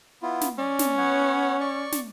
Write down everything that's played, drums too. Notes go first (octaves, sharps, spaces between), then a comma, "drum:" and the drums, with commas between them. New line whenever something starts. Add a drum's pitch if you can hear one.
B3 E4 F4
drum: snare
C#4 D5
drum: snare
B3 C#5 F#5
D5 C#6
drum: snare